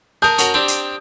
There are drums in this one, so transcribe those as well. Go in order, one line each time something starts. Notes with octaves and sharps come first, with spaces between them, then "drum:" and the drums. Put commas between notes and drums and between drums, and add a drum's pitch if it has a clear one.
G#4 A#4 A5 D#6 G6
C#4 F#4 A#4, drum: hi-hat
C4 D4 G4
drum: hi-hat